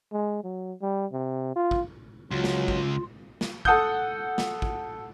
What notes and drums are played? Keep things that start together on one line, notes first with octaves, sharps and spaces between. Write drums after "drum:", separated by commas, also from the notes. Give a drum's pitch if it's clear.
G#3
F#3
G3
C3
F4
drum: kick
C#2 F#3 F4
drum: snare
drum: kick
drum: snare
A4 F#5 D#6 G6, drum: kick
drum: snare
drum: kick